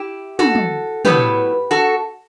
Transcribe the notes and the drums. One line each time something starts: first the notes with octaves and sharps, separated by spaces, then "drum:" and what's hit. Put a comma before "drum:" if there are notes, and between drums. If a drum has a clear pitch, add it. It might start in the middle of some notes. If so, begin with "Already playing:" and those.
Already playing: E4 G4
F#4 A4, drum: tom
drum: tom
A2 F#3 B3 E4 G4 B4, drum: tom
F#4 A4